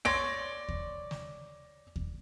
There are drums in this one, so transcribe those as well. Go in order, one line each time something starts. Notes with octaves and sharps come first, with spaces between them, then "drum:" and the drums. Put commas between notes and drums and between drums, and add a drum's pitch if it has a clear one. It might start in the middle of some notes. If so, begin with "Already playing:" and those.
C#5 D5 C6 A#6 D7
drum: kick D#2
drum: snare
drum: kick D#2